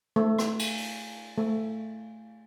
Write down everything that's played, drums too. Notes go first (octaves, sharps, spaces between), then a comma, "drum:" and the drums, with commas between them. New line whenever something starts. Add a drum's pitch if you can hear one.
A3
drum: rim click
drum: cymbal
drum: open hi-hat
A3